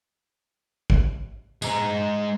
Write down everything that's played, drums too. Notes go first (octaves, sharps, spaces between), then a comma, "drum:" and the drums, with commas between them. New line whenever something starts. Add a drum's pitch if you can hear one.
drum: kick
G#3 A#5, drum: tambourine